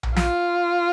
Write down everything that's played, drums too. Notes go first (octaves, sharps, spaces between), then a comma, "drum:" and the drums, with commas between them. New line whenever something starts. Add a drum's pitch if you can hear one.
drum: tom A#1
F4, drum: snare